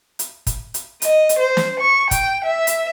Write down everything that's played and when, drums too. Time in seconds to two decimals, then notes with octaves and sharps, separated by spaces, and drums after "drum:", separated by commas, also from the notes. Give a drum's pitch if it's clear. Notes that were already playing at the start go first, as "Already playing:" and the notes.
0.19 drum: hi-hat
0.47 drum: kick, hi-hat
0.74 drum: hi-hat
1.02 D#5, drum: hi-hat
1.29 drum: hi-hat
1.39 C5
1.57 drum: snare
1.80 C#6
2.11 G5, drum: kick, hi-hat
2.45 E5
2.67 drum: hi-hat